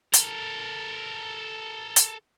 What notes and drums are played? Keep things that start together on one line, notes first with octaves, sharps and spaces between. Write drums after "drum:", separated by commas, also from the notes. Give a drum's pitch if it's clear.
A4 A#4, drum: hi-hat
drum: hi-hat